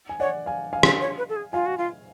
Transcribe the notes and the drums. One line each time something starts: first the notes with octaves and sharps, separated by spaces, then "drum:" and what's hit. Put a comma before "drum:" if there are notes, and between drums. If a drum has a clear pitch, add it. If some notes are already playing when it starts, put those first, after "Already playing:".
G#5
C#5 D5 F#5
F5 G#5
F5 G#5
drum: rim click
C#5
B4
A4
G#4
F4 F5 G#5
F#4
F4